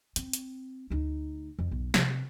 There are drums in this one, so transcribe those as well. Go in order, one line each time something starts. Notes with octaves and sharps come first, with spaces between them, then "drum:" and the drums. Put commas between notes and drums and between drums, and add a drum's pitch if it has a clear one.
C4, drum: hi-hat
drum: hi-hat
D2 D#4
F2
B1
C3, drum: snare